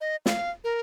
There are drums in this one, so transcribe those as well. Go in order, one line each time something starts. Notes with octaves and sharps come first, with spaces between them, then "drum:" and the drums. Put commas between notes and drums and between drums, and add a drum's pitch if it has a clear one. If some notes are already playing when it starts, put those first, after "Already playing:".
D#5
F5, drum: snare
A#4